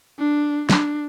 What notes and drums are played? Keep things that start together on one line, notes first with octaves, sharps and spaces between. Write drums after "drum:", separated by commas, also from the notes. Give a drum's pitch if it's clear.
D4
D4, drum: snare